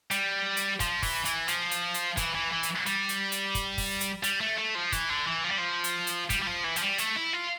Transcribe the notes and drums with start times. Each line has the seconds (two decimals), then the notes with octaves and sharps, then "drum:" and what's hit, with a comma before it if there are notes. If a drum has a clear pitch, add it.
0.11 G3, drum: hi-hat
0.57 drum: hi-hat
0.80 F3, drum: kick, hi-hat
1.02 E3, drum: kick, open hi-hat
1.25 E3, drum: hi-hat
1.48 F3, drum: hi-hat
1.71 drum: hi-hat
1.94 drum: hi-hat
2.17 E3, drum: kick, hi-hat
2.35 E3
2.52 E3
2.63 drum: hi-hat
2.86 G3, drum: hi-hat
3.09 drum: hi-hat
3.32 drum: hi-hat
3.55 drum: kick, hi-hat
3.78 drum: kick, open hi-hat
4.01 drum: hi-hat
4.24 G3, drum: hi-hat
4.41 A3
4.58 A3
4.75 F3
4.92 E3, drum: kick, hi-hat
5.10 D3
5.27 E3
5.44 F3
5.51 G3
5.58 F3
5.84 drum: hi-hat
6.07 drum: hi-hat
6.30 G3, drum: kick, hi-hat
6.42 G3
6.47 F3
6.64 E3
6.76 F3, drum: hi-hat
6.82 G3
6.98 A3, drum: hi-hat
7.16 E4
7.33 F4